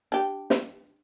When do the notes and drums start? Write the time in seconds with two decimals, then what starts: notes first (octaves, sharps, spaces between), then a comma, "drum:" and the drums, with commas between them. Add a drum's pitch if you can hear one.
0.12 D4 G4
0.50 drum: snare